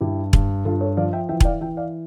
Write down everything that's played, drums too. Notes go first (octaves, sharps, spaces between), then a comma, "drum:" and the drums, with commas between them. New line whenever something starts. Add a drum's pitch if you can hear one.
G2 E4 G4
G2, drum: kick E1
G2 F4 A4
A4 C#5
F3 D5 F5
E5 G5
E3 E5 G5
G5, drum: kick E1
D5 F5
E3 E5 G5
D5 F5